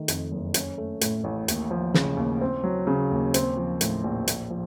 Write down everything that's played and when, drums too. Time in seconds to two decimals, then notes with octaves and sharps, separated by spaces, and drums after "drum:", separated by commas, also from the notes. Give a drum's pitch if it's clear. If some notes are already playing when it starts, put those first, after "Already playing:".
Already playing: D#3 A3
0.08 F2, drum: hi-hat
0.31 F#1
0.54 C#4, drum: hi-hat
0.78 A3
1.01 A2, drum: hi-hat
1.24 A1
1.48 D#2, drum: hi-hat
1.71 F3
1.94 C#3, drum: snare
2.17 D#2
2.41 C4
2.64 F#3
2.87 C#3
3.11 D#2
3.34 C4, drum: hi-hat
3.57 F3
3.81 A2, drum: hi-hat
4.04 A#1
4.28 A#1, drum: hi-hat
4.50 F3